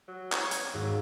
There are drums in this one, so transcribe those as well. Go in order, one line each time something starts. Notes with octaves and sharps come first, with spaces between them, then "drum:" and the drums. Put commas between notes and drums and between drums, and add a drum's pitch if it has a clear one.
F#3
C#5, drum: clap
drum: hi-hat
D#2 G#2 F#3